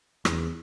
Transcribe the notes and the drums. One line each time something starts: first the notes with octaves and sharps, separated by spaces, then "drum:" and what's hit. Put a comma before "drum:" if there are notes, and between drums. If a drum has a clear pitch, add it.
E2, drum: rim click